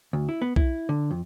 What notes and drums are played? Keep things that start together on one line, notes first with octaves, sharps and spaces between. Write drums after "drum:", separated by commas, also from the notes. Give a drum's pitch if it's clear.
D2
E4
B3
E4, drum: kick B1
D3
F2